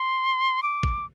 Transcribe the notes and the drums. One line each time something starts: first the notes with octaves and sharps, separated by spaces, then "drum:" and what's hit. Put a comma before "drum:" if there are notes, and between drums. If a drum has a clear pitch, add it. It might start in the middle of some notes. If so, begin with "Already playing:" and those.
Already playing: C6
D6
drum: kick